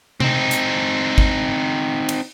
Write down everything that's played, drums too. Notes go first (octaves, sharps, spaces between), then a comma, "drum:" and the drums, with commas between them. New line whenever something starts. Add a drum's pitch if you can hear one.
C4 D#4, drum: tom C3
drum: hi-hat
drum: kick
drum: cymbal